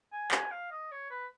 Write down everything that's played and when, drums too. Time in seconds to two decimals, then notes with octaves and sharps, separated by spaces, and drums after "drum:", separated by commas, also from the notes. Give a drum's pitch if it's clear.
0.13 G#5
0.31 G#5, drum: clap
0.51 F5
0.71 D#5
0.92 C#5
1.11 B4